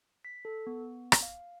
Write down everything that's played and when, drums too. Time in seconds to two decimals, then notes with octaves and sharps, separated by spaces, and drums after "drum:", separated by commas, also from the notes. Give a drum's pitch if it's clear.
0.25 B6
0.45 A4
0.67 B3
1.12 drum: rim click
1.23 F5